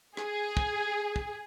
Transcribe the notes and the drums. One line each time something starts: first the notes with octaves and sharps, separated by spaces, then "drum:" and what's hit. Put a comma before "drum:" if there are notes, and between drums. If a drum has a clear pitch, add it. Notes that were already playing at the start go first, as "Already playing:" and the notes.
G#4, drum: rim click
drum: kick
drum: kick